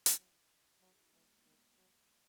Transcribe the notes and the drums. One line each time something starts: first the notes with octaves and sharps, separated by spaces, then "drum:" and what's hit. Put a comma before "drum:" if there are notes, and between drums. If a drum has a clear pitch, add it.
drum: hi-hat
F#3 C#4 E4
F#3 D#4 F#4
E4 G#4
D#4 F#4
E3 G#3 B3
A#3
D#3 G#3 B3
F#3